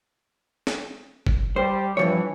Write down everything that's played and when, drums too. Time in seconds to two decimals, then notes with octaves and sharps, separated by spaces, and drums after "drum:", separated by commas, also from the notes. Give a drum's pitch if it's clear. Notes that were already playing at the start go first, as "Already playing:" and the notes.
0.67 drum: snare
1.27 drum: kick
1.56 G3 C5
1.97 G2 E3 F3 C#5